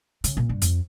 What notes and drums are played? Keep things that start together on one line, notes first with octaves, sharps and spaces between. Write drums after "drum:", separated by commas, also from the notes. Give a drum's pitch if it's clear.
C#3, drum: hi-hat
A#2
G2
F2, drum: hi-hat